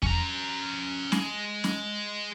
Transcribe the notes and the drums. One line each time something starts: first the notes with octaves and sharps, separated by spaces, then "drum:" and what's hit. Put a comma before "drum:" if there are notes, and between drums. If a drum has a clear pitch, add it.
C#4 A#5, drum: kick E2
G#3, drum: snare
drum: snare